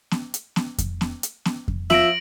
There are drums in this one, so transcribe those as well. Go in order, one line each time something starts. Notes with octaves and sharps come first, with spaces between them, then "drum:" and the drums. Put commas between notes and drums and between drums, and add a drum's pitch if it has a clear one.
drum: snare B3
drum: hi-hat
drum: snare B3
drum: kick F2, hi-hat
drum: snare B3
drum: hi-hat
drum: snare B3
drum: kick F2
F3 E5 A#6 D7 F#7, drum: snare B3